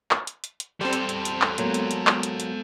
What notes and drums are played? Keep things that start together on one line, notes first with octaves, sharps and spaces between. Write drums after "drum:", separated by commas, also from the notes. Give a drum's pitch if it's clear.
drum: clap
drum: hi-hat
drum: hi-hat
drum: hi-hat
G3 C4 A4 C5
drum: hi-hat
drum: hi-hat
drum: hi-hat
drum: clap
F#3 G#3 A#3 B3, drum: hi-hat
drum: hi-hat
drum: hi-hat
drum: clap
drum: hi-hat
drum: hi-hat